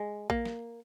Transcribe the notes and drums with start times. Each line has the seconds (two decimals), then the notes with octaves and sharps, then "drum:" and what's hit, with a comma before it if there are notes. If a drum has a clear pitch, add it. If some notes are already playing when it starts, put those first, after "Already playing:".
Already playing: G#3
0.30 A#3, drum: kick A1
0.45 drum: snare